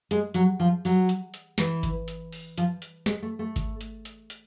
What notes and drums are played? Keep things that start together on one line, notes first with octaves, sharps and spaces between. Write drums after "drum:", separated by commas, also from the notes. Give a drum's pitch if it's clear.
G#3, drum: hi-hat
F#3, drum: hi-hat
F3
F#3, drum: open hi-hat
drum: hi-hat
drum: hi-hat
E3, drum: snare
drum: kick G#1, hi-hat
drum: hi-hat
drum: open hi-hat
F3, drum: hi-hat
drum: hi-hat
G#3, drum: snare
A3
A3
drum: kick G#1, hi-hat
drum: hi-hat
drum: hi-hat
drum: hi-hat